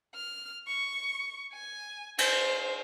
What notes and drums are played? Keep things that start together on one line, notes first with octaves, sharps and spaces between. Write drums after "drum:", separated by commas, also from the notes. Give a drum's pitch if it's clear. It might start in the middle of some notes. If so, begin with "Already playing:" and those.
F6
C#6
G#5
C5, drum: cymbal